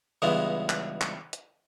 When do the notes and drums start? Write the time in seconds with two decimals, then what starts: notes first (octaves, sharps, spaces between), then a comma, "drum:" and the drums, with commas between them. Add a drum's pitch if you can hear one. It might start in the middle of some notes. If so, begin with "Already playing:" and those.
0.22 C#2 G2 E3 G#3 B3
0.70 drum: clap
1.01 drum: clap
1.33 drum: hi-hat